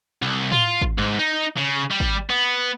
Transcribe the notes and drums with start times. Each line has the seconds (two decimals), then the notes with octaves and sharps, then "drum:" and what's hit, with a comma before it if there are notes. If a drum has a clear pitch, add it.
0.22 C2
0.52 F4, drum: tom A2
0.81 drum: kick G#1
0.98 G#2
1.19 D#4
1.57 C#3
1.91 G3
2.00 drum: kick G#1
2.30 B3